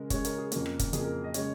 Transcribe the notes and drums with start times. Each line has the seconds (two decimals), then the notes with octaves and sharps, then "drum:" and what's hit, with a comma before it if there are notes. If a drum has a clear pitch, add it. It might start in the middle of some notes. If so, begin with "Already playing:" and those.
Already playing: C#3 G#3 A#4
0.10 C#3 G#3 C#5, drum: kick, hi-hat
0.25 A#4, drum: hi-hat
0.38 G#4
0.52 F2 C#3 A#3 A#4, drum: hi-hat
0.66 drum: rim click
0.79 drum: kick, hi-hat
0.93 F2 C#3 A#3 G#4, drum: hi-hat
1.03 A#4
1.24 D#5
1.34 C#3 G#3 C#5, drum: hi-hat